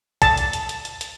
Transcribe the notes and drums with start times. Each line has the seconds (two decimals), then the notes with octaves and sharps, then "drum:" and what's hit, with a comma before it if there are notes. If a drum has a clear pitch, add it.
0.22 A5, drum: kick B1, hi-hat
0.37 drum: hi-hat
0.53 drum: hi-hat
0.69 drum: hi-hat
0.85 drum: hi-hat
1.01 drum: hi-hat